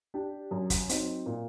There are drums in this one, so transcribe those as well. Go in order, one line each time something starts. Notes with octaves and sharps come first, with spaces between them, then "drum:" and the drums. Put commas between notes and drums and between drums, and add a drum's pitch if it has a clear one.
D4 G4
F#2
drum: kick, hi-hat
F#3 C4 D#4, drum: hi-hat
A#2